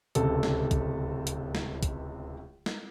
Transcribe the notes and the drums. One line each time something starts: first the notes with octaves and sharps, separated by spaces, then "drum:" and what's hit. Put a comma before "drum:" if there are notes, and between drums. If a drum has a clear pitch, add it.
D1 C#2 C3 A4, drum: hi-hat
drum: snare
drum: kick, hi-hat
drum: hi-hat
drum: snare
drum: kick, hi-hat
drum: snare